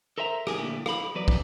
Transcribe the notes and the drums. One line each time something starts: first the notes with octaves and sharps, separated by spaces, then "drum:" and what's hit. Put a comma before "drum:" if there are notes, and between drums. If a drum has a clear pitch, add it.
A4 A#4 C5 E5 G#5 A#5
G4 G#4 A#4 G#5, drum: rim click
A#2 D3 A3 E4 G4
F5 B5, drum: rim click
E2 F#3 B4 D5
drum: kick